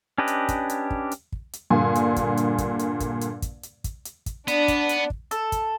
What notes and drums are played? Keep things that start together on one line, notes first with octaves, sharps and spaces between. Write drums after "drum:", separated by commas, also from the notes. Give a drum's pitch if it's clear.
C#4 D4 G4 B4 D#5
drum: hi-hat
drum: kick, hi-hat
drum: hi-hat
drum: kick
drum: hi-hat
drum: kick
drum: hi-hat
G2 A#2 D3 G#5
drum: hi-hat
drum: kick, hi-hat
drum: hi-hat
drum: kick, hi-hat
drum: hi-hat
drum: kick, hi-hat
drum: hi-hat
drum: kick, hi-hat
drum: hi-hat
drum: kick, hi-hat
drum: hi-hat
drum: kick, hi-hat
B3 D4, drum: hi-hat
drum: kick, hi-hat
drum: hi-hat
drum: kick
A4, drum: hi-hat
drum: kick, hi-hat